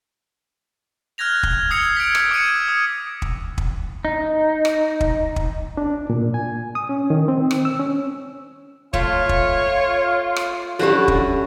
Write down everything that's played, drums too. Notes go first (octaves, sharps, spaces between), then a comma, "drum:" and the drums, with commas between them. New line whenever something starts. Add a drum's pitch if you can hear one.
F6 F#6 G#6 A#6 F7
drum: kick
D#6 E6 G#6 C7 C#7 F7
B6 D7
drum: rim click
D6 G#6 C#7 D#7
D#6
drum: kick
drum: kick
D#4
drum: rim click
drum: kick
drum: kick
D4
A#2
G#5
D#6
C#4
D#3
C4
drum: rim click
E6
C#4
A3 F4 C#5, drum: kick
drum: kick
drum: rim click
D3 F#3 C#4 E4 F#4 G4
drum: kick